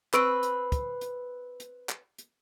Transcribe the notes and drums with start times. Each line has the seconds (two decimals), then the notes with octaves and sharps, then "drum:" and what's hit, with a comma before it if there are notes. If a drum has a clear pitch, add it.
0.14 C4 B4 C#6 E6 D7, drum: clap
0.43 drum: hi-hat
0.72 drum: kick, hi-hat
1.01 drum: hi-hat
1.60 drum: hi-hat
1.89 drum: clap
2.18 drum: hi-hat